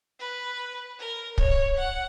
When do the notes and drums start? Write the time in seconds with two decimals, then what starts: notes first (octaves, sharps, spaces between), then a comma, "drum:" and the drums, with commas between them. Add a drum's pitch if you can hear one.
0.19 B4
0.99 A#4
1.38 C#5, drum: kick
1.78 F#5